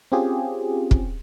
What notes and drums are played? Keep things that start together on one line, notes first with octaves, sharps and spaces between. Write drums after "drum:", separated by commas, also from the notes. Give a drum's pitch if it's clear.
C4 C#4 F4 G4 G#4
drum: kick